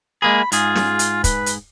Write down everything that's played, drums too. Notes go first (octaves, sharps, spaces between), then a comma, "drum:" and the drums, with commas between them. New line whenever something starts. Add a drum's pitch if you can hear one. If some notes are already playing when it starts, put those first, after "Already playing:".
G#3 A#3 G#4 B5
G#2 F4 G#4, drum: hi-hat
drum: snare
drum: hi-hat
B4, drum: kick, hi-hat
drum: hi-hat